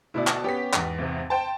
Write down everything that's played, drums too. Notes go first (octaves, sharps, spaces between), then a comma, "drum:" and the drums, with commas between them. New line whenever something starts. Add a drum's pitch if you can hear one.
D2 B2 E4 D5
A5, drum: clap
B3 C#4 G4 G#5 B6
E2 G#2, drum: clap
G#1 C3
C5 G5 A5